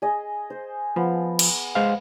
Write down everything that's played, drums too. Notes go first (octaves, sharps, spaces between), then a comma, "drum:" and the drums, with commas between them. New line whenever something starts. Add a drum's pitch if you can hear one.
G#4 D#5
C5
F3 B3
drum: cymbal
G#3 C5 F5